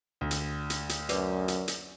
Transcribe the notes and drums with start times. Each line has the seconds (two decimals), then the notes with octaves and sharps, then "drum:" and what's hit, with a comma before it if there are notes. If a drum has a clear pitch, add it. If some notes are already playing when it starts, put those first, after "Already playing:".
0.21 D2
0.31 drum: hi-hat
0.70 drum: hi-hat
0.89 drum: hi-hat
1.09 F#2 B4 D5 D6, drum: hi-hat
1.48 drum: hi-hat
1.68 drum: hi-hat